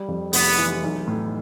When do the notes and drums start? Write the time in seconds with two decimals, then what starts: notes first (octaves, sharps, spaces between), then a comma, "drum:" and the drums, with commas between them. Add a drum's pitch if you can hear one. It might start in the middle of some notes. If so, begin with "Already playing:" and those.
Already playing: G3
0.08 F2
0.33 F1 B3, drum: open hi-hat
0.58 E3
0.83 B1
1.07 A2